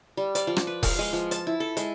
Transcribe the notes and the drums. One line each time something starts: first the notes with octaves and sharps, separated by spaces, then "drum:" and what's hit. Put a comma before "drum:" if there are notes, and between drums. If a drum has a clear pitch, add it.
G3
D5, drum: hi-hat
F3
drum: rim click
B4
F5, drum: kick E1, open hi-hat
G#3
F3
A5, drum: hi-hat
E4
A4
G#3, drum: hi-hat